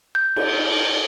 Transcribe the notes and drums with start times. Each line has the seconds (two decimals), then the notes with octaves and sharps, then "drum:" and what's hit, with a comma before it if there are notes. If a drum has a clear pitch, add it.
0.15 G6
0.36 drum: cymbal